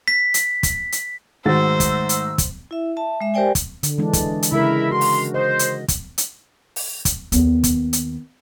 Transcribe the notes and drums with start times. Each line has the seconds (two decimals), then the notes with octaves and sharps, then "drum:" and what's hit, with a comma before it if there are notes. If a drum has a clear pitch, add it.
0.08 B6
0.34 drum: hi-hat
0.63 drum: kick, hi-hat
0.92 drum: hi-hat
1.46 G#2 D#3 A3 D#4 F#4 C5 E6 A6
1.80 drum: kick, hi-hat
2.09 drum: hi-hat
2.38 drum: kick, hi-hat
2.71 E4 E5
2.97 E5 A5
3.21 G#3 E5
3.34 G4 A#4 C5 D5 G5 G#5
3.55 drum: kick, hi-hat
3.83 D3, drum: hi-hat
3.98 E3 G#3 D4
4.13 drum: kick, hi-hat
4.43 drum: hi-hat
4.52 C#3 G#3 E4 A#4 E5
4.92 F#4 C6
5.01 drum: open hi-hat
5.34 C5 D#5
5.59 drum: hi-hat
5.88 drum: kick, hi-hat
6.18 drum: hi-hat
6.76 drum: open hi-hat
7.05 drum: kick, hi-hat
7.32 D#2 B3, drum: hi-hat
7.64 drum: kick, hi-hat
7.93 drum: hi-hat